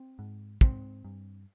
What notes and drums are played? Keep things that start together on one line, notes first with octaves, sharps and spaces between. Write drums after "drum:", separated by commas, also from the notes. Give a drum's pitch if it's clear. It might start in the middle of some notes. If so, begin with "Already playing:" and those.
Already playing: C4
G#2
G#2 C4, drum: kick
G2